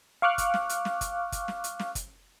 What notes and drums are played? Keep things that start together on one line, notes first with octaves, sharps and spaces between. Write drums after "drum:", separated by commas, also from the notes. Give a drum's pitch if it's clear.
F5 C#6 D6 F6 F#6
drum: kick, hi-hat
drum: snare
drum: hi-hat
drum: snare
drum: kick, hi-hat
drum: kick, hi-hat
drum: snare
drum: hi-hat
drum: snare
drum: kick, hi-hat